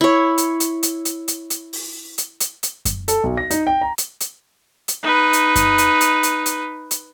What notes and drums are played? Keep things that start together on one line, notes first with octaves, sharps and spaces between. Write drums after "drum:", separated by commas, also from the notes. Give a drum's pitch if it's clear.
E4 C#5
drum: hi-hat
drum: hi-hat
drum: hi-hat
drum: hi-hat
drum: hi-hat
drum: hi-hat
drum: open hi-hat
drum: hi-hat
drum: hi-hat
drum: hi-hat
drum: kick F#2, hi-hat
A4, drum: hi-hat
B1
A#6
D#4, drum: hi-hat
G5
A#5
drum: hi-hat
drum: hi-hat
drum: hi-hat
D#4 B4
drum: hi-hat
drum: kick F#2, hi-hat
drum: hi-hat
drum: hi-hat
drum: hi-hat
drum: hi-hat
drum: hi-hat